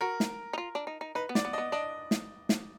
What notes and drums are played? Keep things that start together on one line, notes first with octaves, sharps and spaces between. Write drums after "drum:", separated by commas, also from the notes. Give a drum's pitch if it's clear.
F#4 A#4
drum: snare
D#4
F4
D4
D#4
D#4
D#4 B4
B3
D5, drum: snare
B3
D4 D#5
B3
D4 D#5
drum: snare
drum: snare